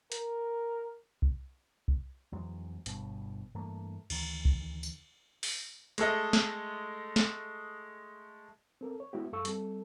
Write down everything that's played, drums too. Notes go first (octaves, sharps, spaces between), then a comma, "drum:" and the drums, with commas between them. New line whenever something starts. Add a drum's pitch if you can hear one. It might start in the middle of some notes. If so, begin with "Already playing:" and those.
A#4, drum: hi-hat
drum: kick C2
drum: kick C2
F2 E3 F#3 G#3
G1 G2 B2, drum: hi-hat
G2 E3 A3 A#3
D2 D#3 E3, drum: cymbal
drum: kick C2
drum: tambourine
drum: open hi-hat
G#3 A3 A4 D#5, drum: hi-hat
drum: snare
drum: snare
C4 A4 A#4
C#5
G#3 B3 E4 F#4 G4
F#2 A4 F5 C#6 E6
G3 C4 A4, drum: hi-hat